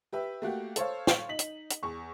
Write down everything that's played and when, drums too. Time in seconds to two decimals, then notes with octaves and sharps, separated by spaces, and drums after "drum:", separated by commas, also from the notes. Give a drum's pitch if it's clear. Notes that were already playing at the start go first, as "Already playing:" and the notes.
0.13 G4 B4 E5
0.42 A3 A#3 F#4 G4
0.76 A4 C5 C#5 F5, drum: hi-hat
1.07 drum: snare
1.29 D#4 B6 F#7
1.39 drum: hi-hat
1.70 drum: hi-hat
1.83 E2 C#6